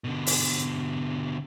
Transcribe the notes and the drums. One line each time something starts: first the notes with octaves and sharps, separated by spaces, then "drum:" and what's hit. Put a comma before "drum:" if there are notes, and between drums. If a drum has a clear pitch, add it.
B2 D3
drum: open hi-hat